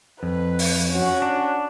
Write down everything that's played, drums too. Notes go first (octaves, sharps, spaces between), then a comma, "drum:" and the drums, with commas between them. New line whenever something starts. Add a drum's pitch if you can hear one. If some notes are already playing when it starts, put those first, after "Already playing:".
F2 B4
drum: open hi-hat
C#4 F#4
D4